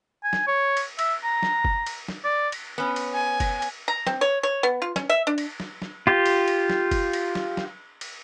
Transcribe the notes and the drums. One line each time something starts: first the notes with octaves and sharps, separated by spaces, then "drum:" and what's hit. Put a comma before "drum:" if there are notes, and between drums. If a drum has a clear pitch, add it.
G#5
drum: snare
C#5
drum: cymbal
E5, drum: cymbal
A#5
drum: snare
drum: kick F#1
drum: cymbal
drum: snare
D5
drum: cymbal
B3 C#4
drum: cymbal
G#5
drum: kick F#1, cymbal
drum: cymbal
A#5
C4, drum: snare
C#5
C#5
B3
F4
C#4, drum: snare
E5
D4
drum: cymbal
drum: snare
drum: snare
F4 G4
drum: cymbal
drum: cymbal
drum: snare
drum: kick F#1, cymbal
drum: cymbal
drum: snare
drum: snare
drum: cymbal